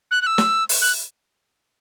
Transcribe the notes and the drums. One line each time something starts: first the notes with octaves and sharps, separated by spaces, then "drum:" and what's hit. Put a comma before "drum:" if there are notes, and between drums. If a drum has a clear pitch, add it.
F#6
F#6
E6
drum: snare
drum: open hi-hat
F#6